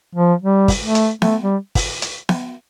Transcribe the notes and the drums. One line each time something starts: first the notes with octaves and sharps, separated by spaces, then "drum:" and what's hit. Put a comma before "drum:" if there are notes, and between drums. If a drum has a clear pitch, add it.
F3
G3
drum: kick, open hi-hat
A3
drum: hi-hat
A3, drum: snare B3
G3
drum: kick, open hi-hat
drum: hi-hat
drum: snare B3